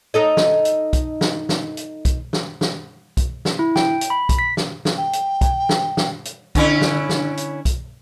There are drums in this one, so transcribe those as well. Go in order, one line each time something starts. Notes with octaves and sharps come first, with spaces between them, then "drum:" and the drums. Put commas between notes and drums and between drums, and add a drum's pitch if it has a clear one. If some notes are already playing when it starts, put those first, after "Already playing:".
D#4 A4 D#5
drum: snare
drum: hi-hat
drum: kick B1, hi-hat
drum: snare
drum: snare
drum: hi-hat
drum: kick B1, hi-hat
drum: snare
drum: snare
drum: kick B1, hi-hat
drum: snare
E4
G5, drum: snare
drum: hi-hat
B5
drum: kick B1, hi-hat
B6
drum: snare
drum: snare
G5
drum: hi-hat
drum: kick B1, hi-hat
drum: snare
drum: snare
drum: hi-hat
D3 C#4 E4, drum: kick B1, hi-hat
drum: snare
drum: snare
drum: hi-hat
drum: kick B1, hi-hat